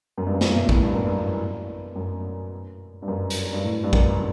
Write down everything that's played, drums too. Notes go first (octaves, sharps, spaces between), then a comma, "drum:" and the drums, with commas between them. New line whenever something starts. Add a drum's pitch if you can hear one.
F#2
G2
F#2
G2, drum: snare
B2
A2, drum: kick
G2
F#2
G2
F#2
G2
F#2
drum: hi-hat
G2
A2
G2
F#2, drum: kick